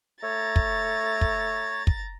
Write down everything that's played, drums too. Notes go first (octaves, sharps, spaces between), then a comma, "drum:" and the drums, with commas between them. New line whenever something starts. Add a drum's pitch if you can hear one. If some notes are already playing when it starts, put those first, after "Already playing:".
A3 C#5 A#5 A6
drum: kick
drum: kick
drum: kick